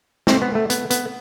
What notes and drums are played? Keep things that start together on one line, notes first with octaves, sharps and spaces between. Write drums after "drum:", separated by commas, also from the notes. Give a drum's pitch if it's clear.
C4, drum: snare
B3
A3
B3, drum: hi-hat
B3, drum: hi-hat